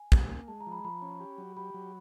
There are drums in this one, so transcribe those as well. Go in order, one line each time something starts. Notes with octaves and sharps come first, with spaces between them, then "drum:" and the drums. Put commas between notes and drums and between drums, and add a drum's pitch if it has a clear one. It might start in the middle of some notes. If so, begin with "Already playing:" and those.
Already playing: G#5
G3, drum: kick
A#3
G#3 A5
A#5
F3
B5
F3 B5
C#4
G4
F#3
G4 B5
F#3